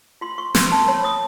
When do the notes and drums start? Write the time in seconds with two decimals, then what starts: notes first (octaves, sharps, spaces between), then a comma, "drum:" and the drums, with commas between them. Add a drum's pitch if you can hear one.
0.21 F4 C6
0.38 C#6
0.55 A#4 C6, drum: snare
0.72 A5
0.88 C#5 B5
1.04 D#6